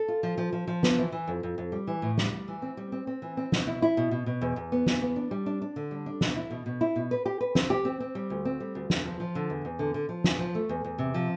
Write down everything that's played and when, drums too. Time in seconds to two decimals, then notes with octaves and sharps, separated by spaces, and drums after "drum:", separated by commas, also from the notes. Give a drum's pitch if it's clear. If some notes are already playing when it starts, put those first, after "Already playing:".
Already playing: A4
0.08 F4
0.23 F3
0.38 F3
0.53 F3
0.67 F3
0.83 B3, drum: snare
0.98 E3
1.12 E3
1.27 F2
1.43 F2
1.58 F2
1.72 G3
1.87 E3
2.02 A2
2.18 G3, drum: snare
2.32 G3
2.48 E3
2.62 C4
2.77 G3
2.92 C4
3.07 C4
3.22 E3
3.37 C4
3.52 B2, drum: snare
3.67 E4
3.82 E4
3.97 B2
4.11 B2
4.26 B2
4.41 E2
4.56 E2
4.72 B3
4.86 E2, drum: snare
5.02 B3
5.16 D4
5.31 G3
5.46 D4
5.62 D4
5.76 D3
5.91 G3
6.06 D4
6.21 B2, drum: snare
6.36 E4
6.51 B2
6.66 B2
6.81 E4
6.96 B2
7.11 B4
7.26 G4
7.41 B4
7.55 C4, drum: snare
7.70 G4
7.85 C4
8.00 C4
8.15 G3
8.30 D2
8.45 C4
8.60 G3
8.75 D2
8.90 E2, drum: snare
9.05 F3
9.20 F3
9.35 D3
9.50 E2
9.65 E2
9.79 D3
9.94 D3
10.09 F3
10.24 E2, drum: snare
10.39 F3
10.55 A3
10.69 E2
10.84 E2
10.99 C3
11.14 F3